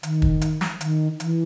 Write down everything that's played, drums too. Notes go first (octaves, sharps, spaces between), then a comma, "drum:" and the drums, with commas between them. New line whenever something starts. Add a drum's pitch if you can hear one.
D#3, drum: hi-hat
drum: kick
drum: hi-hat
drum: snare
D#3, drum: hi-hat
E3, drum: hi-hat